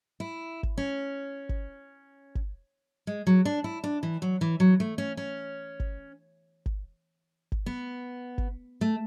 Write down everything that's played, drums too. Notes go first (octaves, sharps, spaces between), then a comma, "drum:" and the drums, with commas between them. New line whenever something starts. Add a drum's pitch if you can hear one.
E4
drum: kick G1
C#4
drum: kick G1
drum: kick G1
G#3
F#3
D4
E4
D4
E3
F#3
E3
F#3
A3
C#4
C#4
drum: kick G1
drum: kick G1
drum: kick G1
B3
drum: kick G1
A3